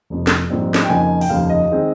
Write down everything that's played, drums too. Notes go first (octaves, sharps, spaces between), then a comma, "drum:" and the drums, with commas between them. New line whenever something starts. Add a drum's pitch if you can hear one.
F1 F2 C3
drum: snare
A#1 G#2 G3 C4 D#4
drum: snare
G5
F2 C#3 F3 A#3 D#4 G#5
G5, drum: open hi-hat
F1 D#2 C#3 F3 F5
D#5
D#3 G#3 C4